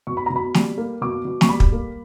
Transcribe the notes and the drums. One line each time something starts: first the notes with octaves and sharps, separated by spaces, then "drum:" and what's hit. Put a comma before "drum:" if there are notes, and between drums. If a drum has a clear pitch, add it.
B2 C#6
B5
B2 A#5
B5
G3, drum: snare
A#3
B2 D6
B2
C#6, drum: snare
G3 B5
drum: kick
A#3